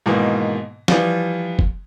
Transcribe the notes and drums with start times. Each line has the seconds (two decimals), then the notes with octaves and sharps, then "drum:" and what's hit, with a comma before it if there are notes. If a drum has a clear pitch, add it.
0.06 G#2 B2 D#3 E3 A#3
0.88 E3 F3 G3 F4, drum: snare
1.59 drum: kick